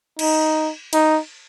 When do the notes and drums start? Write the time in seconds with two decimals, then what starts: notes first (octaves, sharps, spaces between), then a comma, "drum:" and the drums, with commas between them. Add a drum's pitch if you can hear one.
0.19 D#4, drum: cymbal
0.93 D#4, drum: cymbal